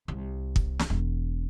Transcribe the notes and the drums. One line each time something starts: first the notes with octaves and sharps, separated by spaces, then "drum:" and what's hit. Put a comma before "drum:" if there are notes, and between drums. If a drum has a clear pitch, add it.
C2
drum: kick
drum: snare
E1